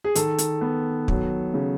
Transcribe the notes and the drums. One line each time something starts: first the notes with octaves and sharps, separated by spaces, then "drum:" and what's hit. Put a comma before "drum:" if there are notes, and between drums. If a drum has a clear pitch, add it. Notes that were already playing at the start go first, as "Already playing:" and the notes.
G#4
D#3 A4, drum: hi-hat
drum: hi-hat
B3
F#3, drum: kick
C#3